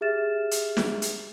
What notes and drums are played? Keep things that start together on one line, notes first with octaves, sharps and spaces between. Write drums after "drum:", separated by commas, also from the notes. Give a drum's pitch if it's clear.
G4 G#4 E5 F6 A6 E7
drum: hi-hat
drum: snare
drum: hi-hat